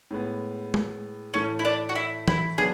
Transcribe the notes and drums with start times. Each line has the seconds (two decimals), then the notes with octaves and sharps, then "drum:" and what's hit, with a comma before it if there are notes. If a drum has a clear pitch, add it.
0.11 A2 G#3 B3
0.74 drum: tom
1.34 A2 E3 A3 C#4
1.59 E4
1.65 D4
1.89 F#4
1.95 E4
2.28 E4, drum: tom E3
2.58 C#3 F#3 B3 D4 G#4